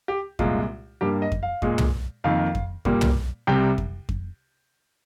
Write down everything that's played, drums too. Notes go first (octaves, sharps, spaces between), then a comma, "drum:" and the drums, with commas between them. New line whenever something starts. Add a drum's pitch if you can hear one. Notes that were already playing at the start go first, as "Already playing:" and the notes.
G4
C2 A#2 G#3 F4, drum: kick F2
G2 G3 A#3 G4
D#5
drum: kick F2
F5
A#2 G#3, drum: kick F2
drum: tom
F2 D#3 A#3 F5
drum: kick F2
A#2 G3 A#3, drum: kick F2
drum: tom
C2 C3 G3 G5
drum: kick F2
drum: kick F2